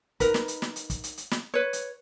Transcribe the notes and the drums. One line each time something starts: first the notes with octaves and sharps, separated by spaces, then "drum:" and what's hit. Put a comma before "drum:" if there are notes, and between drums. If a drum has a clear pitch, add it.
D#4 A#4 B4, drum: kick, hi-hat
drum: snare
drum: hi-hat
drum: snare
drum: hi-hat
drum: kick, hi-hat
drum: hi-hat
drum: hi-hat
drum: snare
B4 C#5
drum: hi-hat